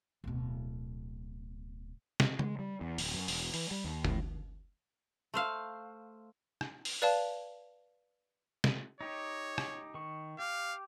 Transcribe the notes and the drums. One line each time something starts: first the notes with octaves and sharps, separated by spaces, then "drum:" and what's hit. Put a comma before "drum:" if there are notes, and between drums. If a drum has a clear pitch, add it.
D1 B2
drum: snare
G#3, drum: tom C#3
G3
E2
D1, drum: open hi-hat
F#2
E1, drum: open hi-hat
E3, drum: open hi-hat
G3
D#2
A2, drum: tom
A3 C5 F5
drum: rim click
drum: open hi-hat
B4 D5 F5 A5
drum: snare
D#4 G4 C#5
drum: rim click
D#3 C#6
G4 F5